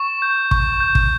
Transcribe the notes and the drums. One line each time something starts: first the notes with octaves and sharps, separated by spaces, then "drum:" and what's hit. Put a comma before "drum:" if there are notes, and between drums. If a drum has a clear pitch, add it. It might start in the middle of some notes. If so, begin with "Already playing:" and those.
Already playing: C#6
G6
C#6, drum: kick
G6
drum: kick